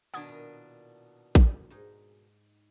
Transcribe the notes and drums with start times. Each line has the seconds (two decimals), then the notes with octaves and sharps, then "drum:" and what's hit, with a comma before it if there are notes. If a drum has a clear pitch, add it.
0.14 B2 D#3 D4 F#5 D#6 G#6
0.29 A#2 E4
1.35 drum: kick A1
1.70 G#2 D#4 G#4